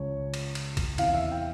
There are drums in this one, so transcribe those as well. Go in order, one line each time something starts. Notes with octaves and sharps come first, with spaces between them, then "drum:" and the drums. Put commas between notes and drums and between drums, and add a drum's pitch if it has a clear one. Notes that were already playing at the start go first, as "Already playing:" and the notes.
Already playing: C#2 C#3 F3 C#5
drum: cymbal
drum: cymbal
drum: kick, cymbal
E2 C3 E3 F5, drum: cymbal
E5
G5